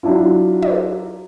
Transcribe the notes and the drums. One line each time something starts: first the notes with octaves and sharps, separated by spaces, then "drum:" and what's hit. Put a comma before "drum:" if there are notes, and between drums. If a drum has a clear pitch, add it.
F#3 D4 E4 F4
drum: tom